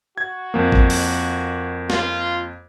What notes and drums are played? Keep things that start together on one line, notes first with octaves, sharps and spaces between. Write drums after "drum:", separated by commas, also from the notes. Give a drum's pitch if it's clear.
F#4 G#6
F2 A#3
drum: kick G#1
drum: open hi-hat
F4, drum: snare